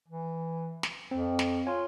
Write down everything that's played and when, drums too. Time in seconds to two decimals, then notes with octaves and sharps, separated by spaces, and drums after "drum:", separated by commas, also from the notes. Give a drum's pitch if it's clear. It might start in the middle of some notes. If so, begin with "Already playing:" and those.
0.08 E3
0.83 drum: snare
1.11 F2 C4
1.39 drum: snare
1.67 F4 C#5 G#5